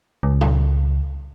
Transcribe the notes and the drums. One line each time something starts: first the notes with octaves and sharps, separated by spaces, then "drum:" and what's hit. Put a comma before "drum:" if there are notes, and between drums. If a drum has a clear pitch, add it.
C#2
drum: tom